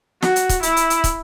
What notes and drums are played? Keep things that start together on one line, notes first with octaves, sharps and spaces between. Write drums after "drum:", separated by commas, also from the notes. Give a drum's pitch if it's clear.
F#4, drum: snare
drum: hi-hat
drum: kick, hi-hat
E4, drum: hi-hat
drum: hi-hat
drum: hi-hat
drum: kick, hi-hat